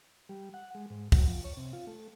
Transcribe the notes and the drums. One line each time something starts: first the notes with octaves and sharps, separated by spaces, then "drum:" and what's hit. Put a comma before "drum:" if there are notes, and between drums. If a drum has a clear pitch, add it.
G3
F#5
G#3
G#2
F#4, drum: kick, open hi-hat
F3
C#5
C3
F4
A3